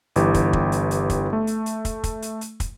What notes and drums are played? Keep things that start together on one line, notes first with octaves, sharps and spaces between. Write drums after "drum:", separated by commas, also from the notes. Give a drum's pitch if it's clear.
G1 E3 G4, drum: hi-hat
drum: kick, hi-hat
drum: kick
drum: hi-hat
drum: hi-hat
drum: kick, hi-hat
A3
drum: hi-hat
drum: hi-hat
drum: kick, hi-hat
drum: kick, hi-hat
drum: hi-hat
drum: hi-hat
drum: kick, hi-hat